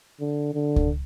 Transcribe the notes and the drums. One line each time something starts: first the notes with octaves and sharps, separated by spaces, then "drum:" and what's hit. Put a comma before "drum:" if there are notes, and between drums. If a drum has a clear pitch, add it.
D3
D3
drum: kick C#2